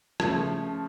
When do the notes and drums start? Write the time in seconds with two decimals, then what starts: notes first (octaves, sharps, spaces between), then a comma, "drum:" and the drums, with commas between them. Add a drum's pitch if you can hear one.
0.20 C#3 F3 A3, drum: rim click